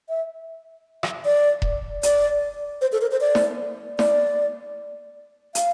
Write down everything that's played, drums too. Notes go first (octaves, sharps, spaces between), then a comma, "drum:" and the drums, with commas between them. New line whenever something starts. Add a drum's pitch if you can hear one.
E5
drum: rim click
D5
drum: kick E1
D5, drum: hi-hat
C5
A4
A#4
C5
D5
drum: snare
D5, drum: snare
F5, drum: hi-hat